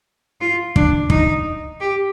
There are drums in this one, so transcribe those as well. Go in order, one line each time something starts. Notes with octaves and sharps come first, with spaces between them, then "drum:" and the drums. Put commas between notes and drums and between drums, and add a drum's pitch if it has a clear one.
F4
D4, drum: kick
D#4, drum: kick
G4